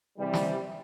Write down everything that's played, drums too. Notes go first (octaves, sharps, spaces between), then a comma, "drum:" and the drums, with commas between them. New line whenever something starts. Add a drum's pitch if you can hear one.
C3 E3 G3
drum: snare